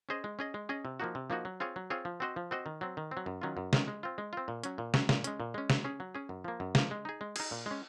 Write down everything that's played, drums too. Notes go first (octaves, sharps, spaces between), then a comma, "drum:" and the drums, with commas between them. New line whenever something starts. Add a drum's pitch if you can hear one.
C#4 G#4 C5 D#5
G#3
C#4 G#4 D#5
G#3
C#4 G#4 D#5
C3
F3 A#3 D#4 F#4
C3
F3 A#3 D#4 F#4
F#3
C4 F4 G#4 C#5
F#3
C4 F4 G#4 C#5
F3
C4 F#4 C5 D#5
F3
C4 F#4 C5 D#5
D#3
F#3 C4
D#3
C4
F#3
F#2
D#3 F#3 C#4 F4
F#2
D#3 F#3 C#4 F4, drum: snare
G#3
C4 F4
G#3
C4 F4
A#2
F#3 C#4, drum: hi-hat
A#2
F#3 C#4, drum: snare
A#2, drum: snare
G#3 C#4, drum: hi-hat
A#2
G#3 C#4
F#3, drum: snare
C#4 G#4
F#3
C#4 G#4
F#2
F3 A#3
F#2
F3 A#3, drum: snare
G#3
D#4 G#4
G#3
D#4 G#4, drum: cymbal
A#2
G#3 C#4